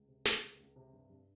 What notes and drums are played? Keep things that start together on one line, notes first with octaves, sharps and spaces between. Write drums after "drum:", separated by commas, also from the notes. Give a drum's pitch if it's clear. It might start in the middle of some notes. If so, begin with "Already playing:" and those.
Already playing: C#2
C3
C3, drum: snare
C#2
C#2
C3
G2
G2